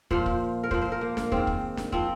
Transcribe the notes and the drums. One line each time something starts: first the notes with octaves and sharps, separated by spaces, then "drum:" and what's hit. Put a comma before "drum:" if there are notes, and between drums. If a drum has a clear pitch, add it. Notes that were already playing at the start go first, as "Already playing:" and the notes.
A#2 F3 C5, drum: kick
drum: kick
A#4
A#2 F3 C5, drum: kick
C5
A#4
A#3
A#3, drum: snare
G#2 D#3 C4, drum: kick
drum: kick
drum: snare
F3 C4, drum: kick